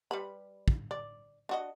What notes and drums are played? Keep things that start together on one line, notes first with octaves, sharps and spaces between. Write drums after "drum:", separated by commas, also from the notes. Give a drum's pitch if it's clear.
G3 B4 B5
drum: kick
D5
D4 F#4 D#5